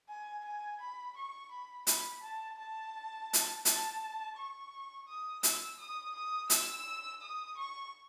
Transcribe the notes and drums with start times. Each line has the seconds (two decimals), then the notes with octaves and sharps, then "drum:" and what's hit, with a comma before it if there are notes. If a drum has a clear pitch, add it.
0.09 G#5
0.44 G#5
0.80 B5
1.16 C#6
1.51 B5
1.87 B5, drum: hi-hat
2.22 A5
2.58 A5
3.33 drum: hi-hat
3.65 A5, drum: hi-hat
4.36 C#6
5.08 D#6
5.43 E6, drum: hi-hat
5.79 D#6
6.14 D#6
6.50 E6, drum: hi-hat
7.21 D#6
7.57 C#6